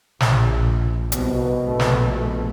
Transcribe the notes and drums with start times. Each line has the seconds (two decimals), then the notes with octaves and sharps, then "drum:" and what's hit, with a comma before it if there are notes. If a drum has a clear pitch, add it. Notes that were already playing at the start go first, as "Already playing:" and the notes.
0.20 A#1, drum: snare
1.12 C2 B2, drum: hi-hat
1.63 A#1 A3
1.80 drum: snare